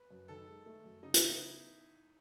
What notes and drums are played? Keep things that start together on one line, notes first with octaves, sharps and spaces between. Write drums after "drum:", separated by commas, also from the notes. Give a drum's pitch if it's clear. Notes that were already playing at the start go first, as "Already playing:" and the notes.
Already playing: B4
F#2
D#3 A4
G#3
A3
F#2
C#3 D#4
E4, drum: hi-hat
B3 D#4